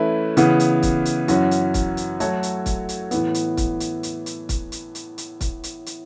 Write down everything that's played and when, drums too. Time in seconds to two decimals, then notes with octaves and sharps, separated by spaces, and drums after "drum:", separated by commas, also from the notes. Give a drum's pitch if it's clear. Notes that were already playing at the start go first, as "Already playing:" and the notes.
Already playing: E3 A3 C#4 E4 B4
0.37 C#3 E3 B3, drum: hi-hat
0.60 drum: hi-hat
0.83 drum: kick, hi-hat
1.05 drum: hi-hat
1.28 F#2 E3 C#4 F#4, drum: hi-hat
1.51 drum: hi-hat
1.74 drum: kick, hi-hat
1.97 drum: hi-hat
2.20 F#3 A3 F#4 A4 C#5, drum: hi-hat
2.43 drum: hi-hat
2.66 drum: kick, hi-hat
2.89 drum: hi-hat
3.11 A2 E3 B3, drum: hi-hat
3.34 drum: hi-hat
3.57 drum: kick, hi-hat
3.80 drum: hi-hat
4.03 drum: hi-hat
4.26 drum: hi-hat
4.49 drum: kick, hi-hat
4.72 drum: hi-hat
4.95 drum: hi-hat
5.18 drum: hi-hat
5.41 drum: kick, hi-hat
5.64 drum: hi-hat
5.86 drum: hi-hat